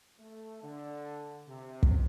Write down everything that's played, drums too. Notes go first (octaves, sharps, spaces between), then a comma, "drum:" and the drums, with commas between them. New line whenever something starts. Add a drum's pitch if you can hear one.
A3
D3
C3
drum: kick